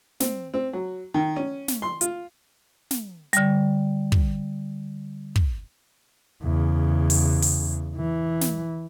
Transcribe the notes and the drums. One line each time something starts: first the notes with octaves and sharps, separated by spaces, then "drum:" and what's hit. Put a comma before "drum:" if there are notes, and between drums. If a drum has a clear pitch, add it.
C4, drum: snare
C4
F#3
D#3
C#4
drum: snare
C6
F4, drum: hi-hat
drum: snare
D3 G3, drum: hi-hat
drum: kick
drum: kick
E2 C#3
drum: open hi-hat
drum: open hi-hat
E3
drum: snare